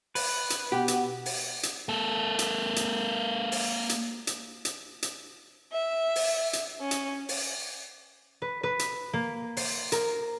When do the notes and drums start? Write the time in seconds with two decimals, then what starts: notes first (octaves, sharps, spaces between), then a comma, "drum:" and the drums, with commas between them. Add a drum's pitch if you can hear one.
0.15 B4, drum: open hi-hat
0.50 drum: hi-hat
0.72 B2 G4 F#5
0.88 drum: hi-hat
1.26 drum: open hi-hat
1.63 drum: hi-hat
1.89 A#3 A4
2.39 drum: hi-hat
2.76 drum: hi-hat
3.52 drum: open hi-hat
3.89 drum: hi-hat
4.27 drum: hi-hat
4.65 drum: hi-hat
5.02 drum: hi-hat
5.72 E5
6.16 drum: open hi-hat
6.53 drum: hi-hat
6.81 C#4
6.91 drum: hi-hat
7.29 drum: open hi-hat
8.42 B4
8.63 B4
8.79 drum: hi-hat
9.13 A#3
9.57 C5, drum: open hi-hat
9.92 A#4, drum: hi-hat